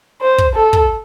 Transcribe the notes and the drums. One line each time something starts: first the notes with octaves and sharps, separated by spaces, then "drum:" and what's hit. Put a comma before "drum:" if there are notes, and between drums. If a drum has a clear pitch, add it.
C5
drum: kick
A4
drum: kick